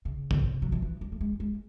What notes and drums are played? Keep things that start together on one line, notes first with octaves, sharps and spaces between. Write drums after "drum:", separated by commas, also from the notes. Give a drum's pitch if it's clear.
C#3
drum: kick
C3
F#3
F3
E3
G3
A3
G#3
G#3